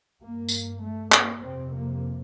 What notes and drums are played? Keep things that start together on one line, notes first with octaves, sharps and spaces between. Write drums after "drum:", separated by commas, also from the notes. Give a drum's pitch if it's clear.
G2 A#3
drum: tambourine
A3
A#3, drum: clap
F2 C3 C4
A#3